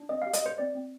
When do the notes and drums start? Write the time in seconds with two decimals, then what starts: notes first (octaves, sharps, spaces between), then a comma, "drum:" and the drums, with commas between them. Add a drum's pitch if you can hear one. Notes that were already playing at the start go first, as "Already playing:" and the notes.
Already playing: D4
0.09 C4 D#5
0.22 F5
0.26 G4
0.33 D#5, drum: hi-hat
0.42 G4 C5
0.58 C4 D5
0.75 C4